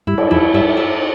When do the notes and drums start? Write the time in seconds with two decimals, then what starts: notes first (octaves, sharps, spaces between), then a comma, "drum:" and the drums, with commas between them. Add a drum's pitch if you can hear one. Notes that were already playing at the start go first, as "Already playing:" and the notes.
0.07 G2 G3 E4
0.18 drum: cymbal
0.30 F2 F3 E4
0.54 G2 G3 E5
0.77 E5